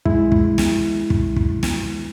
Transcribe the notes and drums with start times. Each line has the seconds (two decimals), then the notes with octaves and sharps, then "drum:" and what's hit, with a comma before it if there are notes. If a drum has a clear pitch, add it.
0.05 G#3 E4, drum: kick
0.32 drum: kick
0.58 drum: snare
1.10 drum: kick
1.36 drum: kick
1.63 drum: snare